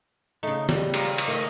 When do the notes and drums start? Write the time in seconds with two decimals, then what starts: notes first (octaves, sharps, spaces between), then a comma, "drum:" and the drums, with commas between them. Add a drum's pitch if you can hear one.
0.43 C#3 A3 D#4
0.69 G3, drum: snare
0.94 G#3 F4 A#4, drum: cymbal
1.18 drum: cymbal
1.27 D#3 A3 D#5